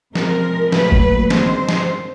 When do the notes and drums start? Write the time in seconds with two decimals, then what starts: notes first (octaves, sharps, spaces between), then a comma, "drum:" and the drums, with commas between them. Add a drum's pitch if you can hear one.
0.15 C3 F3 G#3 A#4, drum: snare
0.72 A#2 F#3 A3 B4, drum: snare
0.92 drum: kick G1
1.30 G2 D#3 G#3 C4 C5, drum: snare
1.69 drum: snare